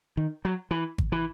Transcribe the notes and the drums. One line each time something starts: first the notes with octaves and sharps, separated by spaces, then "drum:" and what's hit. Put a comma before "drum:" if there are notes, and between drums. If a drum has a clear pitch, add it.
D#3
F#3
E3
drum: kick G#1
E3